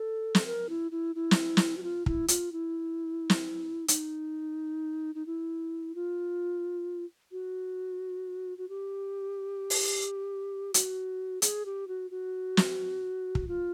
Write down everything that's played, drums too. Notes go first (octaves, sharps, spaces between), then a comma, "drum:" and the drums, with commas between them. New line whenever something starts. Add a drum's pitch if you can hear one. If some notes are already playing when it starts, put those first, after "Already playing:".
Already playing: A4
drum: snare
A#4
E4
E4
E4
drum: snare
drum: snare
F#4
F4
E4, drum: kick
F4, drum: hi-hat
E4
drum: snare
D#4, drum: hi-hat
D#4
E4
F4
F#4
F#4
G4
drum: open hi-hat
F#4, drum: hi-hat
G#4, drum: hi-hat
G4
F#4
F#4
drum: snare
drum: kick
F4